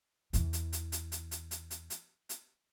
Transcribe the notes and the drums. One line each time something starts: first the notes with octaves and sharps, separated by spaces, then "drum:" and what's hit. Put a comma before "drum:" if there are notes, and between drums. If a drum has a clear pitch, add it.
E2 E3, drum: hi-hat
drum: hi-hat
drum: hi-hat
drum: hi-hat
drum: hi-hat
drum: hi-hat
drum: hi-hat
drum: hi-hat
drum: hi-hat
drum: hi-hat